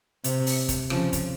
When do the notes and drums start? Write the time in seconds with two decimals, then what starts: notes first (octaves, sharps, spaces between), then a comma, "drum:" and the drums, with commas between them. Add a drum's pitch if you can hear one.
0.24 C3, drum: hi-hat
0.46 drum: open hi-hat
0.69 drum: kick, hi-hat
0.90 C#3 F3, drum: rim click
1.13 drum: kick, hi-hat